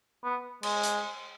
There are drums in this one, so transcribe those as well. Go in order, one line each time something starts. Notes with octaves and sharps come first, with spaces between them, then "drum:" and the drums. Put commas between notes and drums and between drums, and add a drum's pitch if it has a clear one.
B3
G#3, drum: cymbal
drum: hi-hat